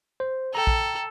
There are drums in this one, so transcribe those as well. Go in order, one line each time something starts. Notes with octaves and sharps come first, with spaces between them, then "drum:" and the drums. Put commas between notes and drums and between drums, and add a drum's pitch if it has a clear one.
C5
A4 G5 A#5
drum: kick A#1